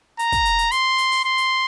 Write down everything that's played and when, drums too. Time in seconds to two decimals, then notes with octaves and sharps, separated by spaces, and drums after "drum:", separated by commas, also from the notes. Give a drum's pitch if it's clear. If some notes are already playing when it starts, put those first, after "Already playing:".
0.19 A#5, drum: hi-hat
0.32 drum: kick, hi-hat
0.45 drum: hi-hat
0.59 drum: hi-hat
0.71 C6, drum: hi-hat
0.98 drum: hi-hat
1.11 drum: open hi-hat
1.25 C6
1.38 drum: hi-hat